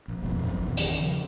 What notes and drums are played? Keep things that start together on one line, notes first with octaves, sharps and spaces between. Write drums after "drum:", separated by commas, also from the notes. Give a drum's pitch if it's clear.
A#1
D#1 G#1 F2 B2
A#1 F#2
G#1 E2 B2
D#3, drum: hi-hat
C#3 F3